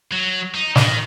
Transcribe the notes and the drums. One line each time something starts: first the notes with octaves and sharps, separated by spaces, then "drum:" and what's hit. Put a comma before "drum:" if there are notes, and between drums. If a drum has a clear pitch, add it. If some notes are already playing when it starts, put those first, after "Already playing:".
F#3
D#4
D#3, drum: snare